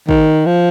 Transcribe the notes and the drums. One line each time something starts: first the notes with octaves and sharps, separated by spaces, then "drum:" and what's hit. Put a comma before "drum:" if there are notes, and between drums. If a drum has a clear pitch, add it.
D#3, drum: kick
F3